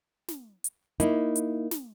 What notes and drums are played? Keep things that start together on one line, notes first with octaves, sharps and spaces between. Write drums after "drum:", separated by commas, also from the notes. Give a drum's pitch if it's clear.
drum: snare
drum: hi-hat
A#3 D#4 E4, drum: hi-hat
drum: hi-hat
drum: snare